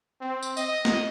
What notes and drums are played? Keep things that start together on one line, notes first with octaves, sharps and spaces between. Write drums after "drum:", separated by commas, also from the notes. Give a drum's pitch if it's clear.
C4
drum: tambourine
D#5, drum: tambourine
drum: snare